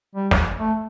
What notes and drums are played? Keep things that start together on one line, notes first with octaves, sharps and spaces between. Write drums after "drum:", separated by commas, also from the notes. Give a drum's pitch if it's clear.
G3
drum: snare
A3